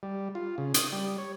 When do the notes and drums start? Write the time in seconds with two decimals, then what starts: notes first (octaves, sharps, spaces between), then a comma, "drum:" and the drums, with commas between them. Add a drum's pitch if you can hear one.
0.03 G3
0.35 F4
0.58 C#3
0.74 D#6, drum: hi-hat
0.93 G3
1.18 C#5